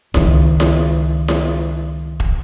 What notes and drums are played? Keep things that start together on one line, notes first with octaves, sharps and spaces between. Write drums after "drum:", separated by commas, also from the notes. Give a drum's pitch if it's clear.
C#2 D#3, drum: snare E4
drum: snare E4
drum: snare E4
drum: kick